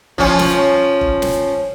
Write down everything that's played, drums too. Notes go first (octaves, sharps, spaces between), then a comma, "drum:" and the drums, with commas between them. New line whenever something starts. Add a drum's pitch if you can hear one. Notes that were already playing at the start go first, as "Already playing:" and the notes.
F3 C#4, drum: kick
drum: snare
drum: kick
drum: snare